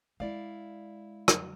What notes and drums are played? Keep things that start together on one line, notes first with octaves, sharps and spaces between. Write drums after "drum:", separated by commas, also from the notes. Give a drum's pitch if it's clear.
G#3 E4 D5 F5
drum: rim click